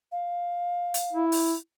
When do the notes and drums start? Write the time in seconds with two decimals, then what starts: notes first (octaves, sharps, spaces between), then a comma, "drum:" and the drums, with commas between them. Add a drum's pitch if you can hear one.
0.12 F5
0.94 drum: hi-hat
1.13 E4
1.32 drum: open hi-hat